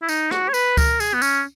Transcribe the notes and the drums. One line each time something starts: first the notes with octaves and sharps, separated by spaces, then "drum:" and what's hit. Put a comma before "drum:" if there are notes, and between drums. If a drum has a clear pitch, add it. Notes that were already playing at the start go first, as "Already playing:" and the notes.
E4
D#4, drum: tambourine
F#4, drum: rim click
C#5
B4, drum: tambourine
A#4, drum: kick C#2, tambourine
G#4, drum: tambourine
B3
C#4, drum: tambourine